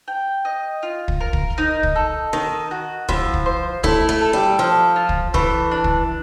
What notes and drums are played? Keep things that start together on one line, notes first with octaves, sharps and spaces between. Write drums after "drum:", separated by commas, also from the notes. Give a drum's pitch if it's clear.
G5
D#5
F4
drum: kick
A#4
drum: kick
D#4
drum: kick
A4
D#3 D#4
F#4
F3 E4, drum: kick
drum: kick
C5
A3 E4, drum: kick
A3
A4
G3
F3 A4
F4
drum: kick
E3 A3, drum: kick
D4
drum: kick